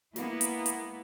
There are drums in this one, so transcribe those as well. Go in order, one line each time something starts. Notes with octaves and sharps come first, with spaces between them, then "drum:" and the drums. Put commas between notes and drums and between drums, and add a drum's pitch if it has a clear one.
G#3 A#3 B3 E4, drum: snare
drum: hi-hat
drum: hi-hat